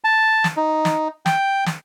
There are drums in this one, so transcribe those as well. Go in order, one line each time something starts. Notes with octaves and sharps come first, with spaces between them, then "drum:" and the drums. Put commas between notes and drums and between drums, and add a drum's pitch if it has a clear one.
A5
drum: snare
D#4
drum: snare
G5, drum: snare
drum: snare